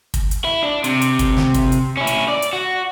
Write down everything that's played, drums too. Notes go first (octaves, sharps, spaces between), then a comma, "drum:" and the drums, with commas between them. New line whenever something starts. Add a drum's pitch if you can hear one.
drum: kick, hi-hat
drum: hi-hat
E4
D4
C3, drum: hi-hat
drum: hi-hat
drum: kick, hi-hat
drum: snare
drum: kick, hi-hat
drum: hi-hat
C#4 E4
drum: hi-hat
D5
drum: hi-hat
F#4